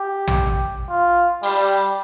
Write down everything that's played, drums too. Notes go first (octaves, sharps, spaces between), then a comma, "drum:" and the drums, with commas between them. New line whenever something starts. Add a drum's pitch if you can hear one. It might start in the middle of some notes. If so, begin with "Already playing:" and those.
Already playing: G4
drum: tom
F4
G3, drum: open hi-hat